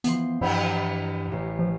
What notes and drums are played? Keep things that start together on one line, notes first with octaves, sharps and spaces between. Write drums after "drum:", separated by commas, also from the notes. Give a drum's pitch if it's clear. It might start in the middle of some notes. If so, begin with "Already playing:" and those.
E3 F3 B3 C6, drum: hi-hat
G2 E4 G4, drum: cymbal
A1
F3